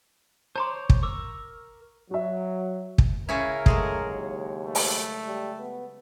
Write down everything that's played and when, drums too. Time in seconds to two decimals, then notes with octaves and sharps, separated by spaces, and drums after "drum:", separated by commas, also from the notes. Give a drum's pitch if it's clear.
0.56 C5 C#5 A5 A#5 C6 D6
0.90 drum: kick
1.03 A#4 C#6 D6 E6
2.11 F#3 F#4 E5
2.98 drum: kick
3.29 C#3 C#4 E4 A#4
3.66 F#3 G#3 A3 G#4, drum: kick
4.06 D#2
4.65 A3
4.75 drum: open hi-hat
5.25 G3
5.60 B3